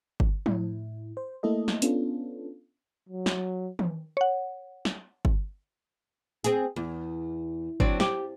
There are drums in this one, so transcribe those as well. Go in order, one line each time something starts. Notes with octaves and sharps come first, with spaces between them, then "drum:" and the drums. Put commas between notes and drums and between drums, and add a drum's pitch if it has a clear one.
drum: kick G1
A2 E4, drum: tom F3
C5
A3 A#3 E4 A4 D#5
drum: snare
B3 C#4 D4 F4 A4, drum: hi-hat
F#3
drum: snare
drum: tom D#3
C#5 F#5
drum: snare
drum: kick G1
C4 G#4, drum: hi-hat
E2
F#3 C4 D4, drum: kick G1
G4, drum: snare